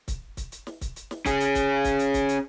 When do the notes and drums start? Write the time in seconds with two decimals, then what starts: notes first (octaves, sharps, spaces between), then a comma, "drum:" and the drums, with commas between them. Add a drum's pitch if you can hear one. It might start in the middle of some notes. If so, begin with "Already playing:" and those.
0.08 drum: kick C#1, hi-hat
0.37 drum: kick C#1, hi-hat
0.52 drum: hi-hat
0.67 drum: snare
0.81 drum: kick C#1, hi-hat
0.96 drum: hi-hat
1.11 drum: snare
1.26 C#4 G#4, drum: kick C#1, hi-hat
1.40 drum: hi-hat
1.55 drum: kick C#1, hi-hat
1.85 drum: kick C#1, hi-hat
1.99 drum: hi-hat
2.14 drum: kick C#1, hi-hat
2.29 drum: hi-hat